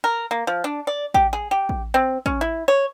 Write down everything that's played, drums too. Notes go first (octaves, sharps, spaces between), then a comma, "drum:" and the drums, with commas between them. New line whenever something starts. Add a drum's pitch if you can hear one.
A#4
A#3
F3
D4
D5
G4, drum: kick
G#4
G4
drum: kick
C4
C#4, drum: kick
E4
C#5